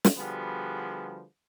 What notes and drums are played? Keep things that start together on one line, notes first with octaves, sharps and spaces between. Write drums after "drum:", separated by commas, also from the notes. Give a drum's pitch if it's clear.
drum: snare
D3 F3 G3 B3 F#4 G#4